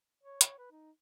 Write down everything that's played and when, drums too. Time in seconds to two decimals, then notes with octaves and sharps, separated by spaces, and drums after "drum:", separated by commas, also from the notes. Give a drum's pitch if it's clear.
0.23 C#5
0.41 C#5, drum: hi-hat
0.58 B4
0.72 D#4